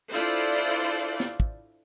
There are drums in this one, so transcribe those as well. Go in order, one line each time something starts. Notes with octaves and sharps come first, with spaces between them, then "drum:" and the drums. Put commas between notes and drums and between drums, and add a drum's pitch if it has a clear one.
D4 E4 F4 A4 C5 D5
drum: snare
drum: kick